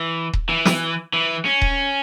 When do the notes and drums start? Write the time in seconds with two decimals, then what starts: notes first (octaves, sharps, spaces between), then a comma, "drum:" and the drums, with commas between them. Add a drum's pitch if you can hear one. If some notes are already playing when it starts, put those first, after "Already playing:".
Already playing: E3
0.33 drum: kick D#1
0.49 E3
0.65 drum: snare
1.13 E3
1.45 C#4
1.62 drum: kick D#1